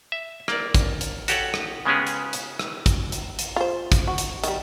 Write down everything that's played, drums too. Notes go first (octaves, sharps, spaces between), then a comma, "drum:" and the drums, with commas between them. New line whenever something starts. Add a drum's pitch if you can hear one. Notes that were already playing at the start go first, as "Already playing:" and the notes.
E5
A#3 D5, drum: rim click
drum: kick, hi-hat
drum: hi-hat
F#4 G4 A4 C#5 F#5, drum: hi-hat
drum: rim click
C#3 G#3 B3 C#4 G4 G#4
drum: hi-hat
drum: hi-hat
drum: rim click
drum: kick, hi-hat
drum: hi-hat
drum: hi-hat
F4 C5
drum: kick, hi-hat
F#4
drum: hi-hat
D#3 G3, drum: hi-hat